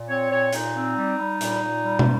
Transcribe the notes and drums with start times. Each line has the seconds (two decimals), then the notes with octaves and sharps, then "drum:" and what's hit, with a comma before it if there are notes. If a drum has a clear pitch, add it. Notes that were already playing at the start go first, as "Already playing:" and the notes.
Already playing: A#2
0.08 C4 C#5
0.30 A#2 C#5
0.53 A#2 D#4, drum: hi-hat
0.75 C4
0.96 G3
1.18 G3
1.41 A#2, drum: hi-hat
1.63 A#2
1.84 G3
1.99 drum: tom